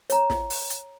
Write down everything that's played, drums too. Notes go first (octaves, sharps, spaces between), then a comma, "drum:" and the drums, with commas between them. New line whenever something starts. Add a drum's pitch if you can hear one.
C#5 A#5, drum: hi-hat
drum: snare
drum: open hi-hat
drum: hi-hat